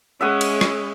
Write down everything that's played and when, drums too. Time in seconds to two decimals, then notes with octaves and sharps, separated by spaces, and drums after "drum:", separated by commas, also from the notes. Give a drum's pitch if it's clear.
0.21 G#3 C#4 E5 F#5 D#6
0.41 drum: cymbal
0.61 drum: rim click